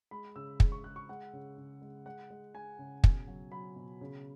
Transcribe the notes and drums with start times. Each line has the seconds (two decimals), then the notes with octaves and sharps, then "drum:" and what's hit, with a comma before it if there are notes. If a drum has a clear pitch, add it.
0.11 G#3 B5
0.36 C#3 E6
0.60 G#3, drum: kick
0.72 C#6
0.84 G#3 F#6
0.96 C#6
1.09 G#3 F#5
1.33 C#3
1.58 C#3
1.82 G#3
2.06 G#3 F#5
2.30 G#3
2.54 G#3 G#5
2.79 C#3
3.04 B2, drum: kick
3.27 F#3
3.52 F#3 B5
3.76 B2
4.01 C#3